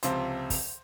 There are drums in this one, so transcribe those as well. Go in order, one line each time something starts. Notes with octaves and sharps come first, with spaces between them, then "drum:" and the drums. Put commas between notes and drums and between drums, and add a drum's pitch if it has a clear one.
C#2 C3 F3 C5, drum: hi-hat
drum: kick, open hi-hat